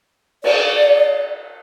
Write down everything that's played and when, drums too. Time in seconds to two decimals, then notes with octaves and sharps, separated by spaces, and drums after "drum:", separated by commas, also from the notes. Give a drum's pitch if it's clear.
0.44 D5, drum: cymbal